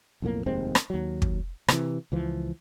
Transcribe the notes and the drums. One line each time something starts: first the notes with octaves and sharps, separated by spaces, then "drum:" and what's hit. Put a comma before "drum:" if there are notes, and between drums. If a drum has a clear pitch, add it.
B1 F2 A2 A#3
F1 D#2 G#3 C4
drum: rim click
D#2 F#3
drum: kick
C3 E3, drum: rim click
C#2 E3 F3